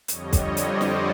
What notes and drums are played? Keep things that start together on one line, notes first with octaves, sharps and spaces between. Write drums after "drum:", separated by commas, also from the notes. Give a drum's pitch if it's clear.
F2 D3 G3 C#5 D#5, drum: hi-hat
drum: kick, hi-hat
C5 D5, drum: hi-hat
drum: snare